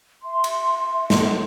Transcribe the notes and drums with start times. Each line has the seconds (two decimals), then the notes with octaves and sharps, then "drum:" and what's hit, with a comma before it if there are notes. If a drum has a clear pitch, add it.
0.24 E5 C6
0.44 drum: cymbal
1.10 drum: snare